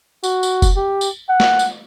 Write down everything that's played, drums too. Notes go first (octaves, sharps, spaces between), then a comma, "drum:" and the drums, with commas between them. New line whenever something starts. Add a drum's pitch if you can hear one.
F#4, drum: tambourine
drum: tambourine
drum: kick F1, tambourine
G4
drum: tambourine
F#5
drum: snare
drum: tambourine